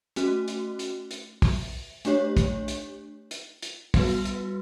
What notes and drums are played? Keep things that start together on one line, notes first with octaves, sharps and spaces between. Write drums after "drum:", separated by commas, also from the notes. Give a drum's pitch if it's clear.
A3 C#4 F#4, drum: hi-hat
drum: hi-hat
drum: hi-hat
drum: hi-hat
drum: kick, open hi-hat
A3 D4 G4 C#5, drum: hi-hat
drum: kick, hi-hat
drum: hi-hat
drum: hi-hat
drum: hi-hat
G3 B3 F#4 B4, drum: kick, open hi-hat
drum: hi-hat